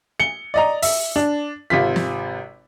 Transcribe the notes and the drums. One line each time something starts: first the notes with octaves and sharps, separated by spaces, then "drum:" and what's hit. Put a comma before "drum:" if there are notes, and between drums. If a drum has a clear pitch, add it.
C#7 G7
D5 D#5 A#5
E5, drum: open hi-hat
D4
G#1 C3 F4 B6
drum: snare